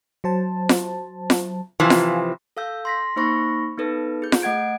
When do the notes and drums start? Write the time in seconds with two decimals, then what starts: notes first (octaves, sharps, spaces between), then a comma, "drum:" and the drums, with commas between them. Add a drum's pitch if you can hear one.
0.24 F#3 C5 A5
0.69 drum: snare F4
1.30 drum: snare F4
1.80 C3 E3 F3 F5 G#5
1.90 drum: snare F4
2.57 A4 F5 E6 G6
2.85 C6 A#6 B6
3.16 A#3 D#4 C5 B5 C#6 A#6
3.77 B3 D#4 A4 B4
4.22 G#4 G6
4.32 drum: snare F4
4.42 A3 D#5 F#5 G#6 D7